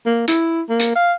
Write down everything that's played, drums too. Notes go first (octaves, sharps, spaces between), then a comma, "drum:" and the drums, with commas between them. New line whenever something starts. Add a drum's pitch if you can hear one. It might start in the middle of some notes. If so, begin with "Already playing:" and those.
A#3
E4, drum: hi-hat
A#3
drum: hi-hat
F5